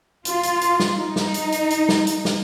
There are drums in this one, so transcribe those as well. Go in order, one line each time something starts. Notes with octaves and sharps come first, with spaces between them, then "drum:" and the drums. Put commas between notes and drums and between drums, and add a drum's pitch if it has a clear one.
F4, drum: hi-hat
drum: hi-hat
drum: hi-hat
drum: snare
D#4
drum: snare
drum: hi-hat
drum: hi-hat
drum: hi-hat
drum: snare
drum: hi-hat
drum: snare